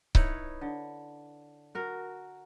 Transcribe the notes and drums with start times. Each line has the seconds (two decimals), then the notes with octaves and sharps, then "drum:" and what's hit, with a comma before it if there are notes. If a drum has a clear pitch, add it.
0.15 D#4 E4 B4 C#5, drum: kick C#1
0.61 D3
1.75 F#4 A#4